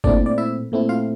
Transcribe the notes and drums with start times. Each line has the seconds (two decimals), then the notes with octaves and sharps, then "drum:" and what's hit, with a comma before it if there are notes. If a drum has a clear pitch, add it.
0.04 A#2 A3 C4 D4 E4 D5, drum: kick G1
0.26 D5
0.38 E4 E5
0.72 A#2 A3 C4 E4
0.89 F4 F5